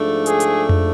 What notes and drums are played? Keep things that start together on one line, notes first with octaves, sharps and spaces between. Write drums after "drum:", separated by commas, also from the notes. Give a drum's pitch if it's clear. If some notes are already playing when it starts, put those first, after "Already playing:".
Already playing: G#2 F3 A3 D4
G#4, drum: hi-hat
drum: hi-hat
drum: tom F2